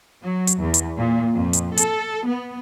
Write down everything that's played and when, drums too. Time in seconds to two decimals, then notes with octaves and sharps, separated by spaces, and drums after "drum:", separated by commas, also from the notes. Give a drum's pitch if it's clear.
0.21 F#3
0.47 drum: hi-hat
0.60 E2
0.74 drum: hi-hat
0.95 A#2
1.35 F2
1.53 drum: hi-hat
1.77 A4, drum: hi-hat
2.26 B3